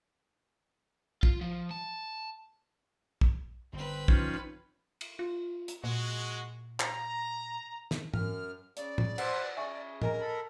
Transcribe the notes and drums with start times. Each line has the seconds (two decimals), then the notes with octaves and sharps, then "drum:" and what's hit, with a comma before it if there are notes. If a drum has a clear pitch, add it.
1.23 F4, drum: kick
1.41 F3
1.71 A5
3.21 drum: kick
3.73 G1 C4 B4
4.08 F3 C#4 D#4, drum: kick
5.01 drum: cymbal
5.19 F4
5.68 drum: hi-hat
5.84 A#2 G#3 F#4
6.80 A#5, drum: clap
7.91 drum: snare
8.14 F#2 F6, drum: tom G#2
8.77 C#3 D5, drum: hi-hat
8.98 drum: tom A2
9.18 B4 C5 E5 F#5, drum: cymbal
9.57 C#3 E5 G#5 C#6
10.02 A#4 D#5 G#5 A#5, drum: tom A2
10.21 A4 B5